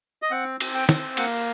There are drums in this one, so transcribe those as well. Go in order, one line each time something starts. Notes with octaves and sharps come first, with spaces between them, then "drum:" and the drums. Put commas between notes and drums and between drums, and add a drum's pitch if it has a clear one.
D#5
C4 F#5
C4, drum: cymbal
G5
C4, drum: snare
A#3 F#5, drum: cymbal